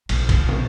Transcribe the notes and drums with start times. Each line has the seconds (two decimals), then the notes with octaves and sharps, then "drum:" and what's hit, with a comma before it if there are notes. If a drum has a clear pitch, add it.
0.09 A#1, drum: cymbal
0.29 drum: kick, cymbal
0.49 drum: tom